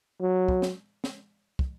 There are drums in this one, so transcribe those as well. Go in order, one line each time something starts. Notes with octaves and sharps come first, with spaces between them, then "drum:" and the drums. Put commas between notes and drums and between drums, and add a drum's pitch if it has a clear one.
F#3
drum: kick
drum: snare
drum: snare
drum: kick